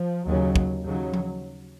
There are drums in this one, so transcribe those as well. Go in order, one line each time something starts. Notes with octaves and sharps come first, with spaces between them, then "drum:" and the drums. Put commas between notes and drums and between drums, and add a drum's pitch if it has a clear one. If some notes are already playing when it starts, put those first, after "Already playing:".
Already playing: F3
D#2 C#3 F#3
drum: kick
D#2 C#3 F#3
drum: tom F3